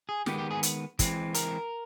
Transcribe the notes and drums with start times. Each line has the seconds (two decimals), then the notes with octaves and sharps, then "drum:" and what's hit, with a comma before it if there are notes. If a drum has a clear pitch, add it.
0.09 G#4
0.26 D#3 G#3 B3 G4, drum: snare
0.38 G4
0.51 G#4
0.63 drum: hi-hat
0.99 E3 G#3 C4, drum: kick, hi-hat
1.34 A#4, drum: hi-hat